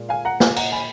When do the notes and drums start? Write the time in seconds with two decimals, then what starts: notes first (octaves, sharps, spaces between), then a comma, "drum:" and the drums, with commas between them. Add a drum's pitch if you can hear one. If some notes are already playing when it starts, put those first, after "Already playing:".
Already playing: A#2 G#3
0.09 F5 G#5
0.25 F#5 A#5
0.40 F5 G#5, drum: snare
0.56 F#5 A#5, drum: cymbal
0.72 G#5 B5